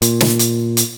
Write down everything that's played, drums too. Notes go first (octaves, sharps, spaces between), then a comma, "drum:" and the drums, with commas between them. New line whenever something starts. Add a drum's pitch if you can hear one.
A#2, drum: hi-hat
drum: snare
drum: hi-hat
drum: hi-hat